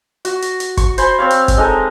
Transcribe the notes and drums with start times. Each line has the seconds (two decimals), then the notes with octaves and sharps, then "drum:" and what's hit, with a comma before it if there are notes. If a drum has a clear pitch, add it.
0.25 F#4, drum: hi-hat
0.42 drum: hi-hat
0.60 drum: hi-hat
0.77 C#6, drum: kick, hi-hat
0.98 C5 G#5 B5, drum: hi-hat
1.19 C4 C#5 F5
1.30 drum: hi-hat
1.48 drum: kick, hi-hat
1.57 G#3 D#4 A4 A#4